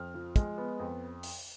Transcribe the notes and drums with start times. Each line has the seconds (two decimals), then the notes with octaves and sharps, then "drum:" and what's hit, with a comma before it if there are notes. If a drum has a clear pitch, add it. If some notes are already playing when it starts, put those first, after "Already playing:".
Already playing: F2 F6
0.14 F3
0.36 G#3, drum: kick, hi-hat
0.58 B3
0.79 F2
1.23 drum: open hi-hat